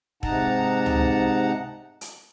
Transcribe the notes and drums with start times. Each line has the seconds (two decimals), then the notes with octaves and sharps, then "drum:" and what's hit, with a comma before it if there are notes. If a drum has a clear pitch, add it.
0.23 G#2 C3 D#4 F#5 A5 A#5, drum: kick
0.86 drum: tom C#2
2.01 drum: hi-hat